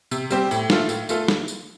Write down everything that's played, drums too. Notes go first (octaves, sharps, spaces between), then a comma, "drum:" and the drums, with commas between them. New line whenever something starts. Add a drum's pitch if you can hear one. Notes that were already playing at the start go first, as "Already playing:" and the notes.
C3, drum: tambourine
G3 C4 G4, drum: tambourine
A2, drum: tambourine
A3 F4 A4, drum: snare
A2, drum: tambourine
A3 F4 A4, drum: tambourine
drum: snare
drum: tambourine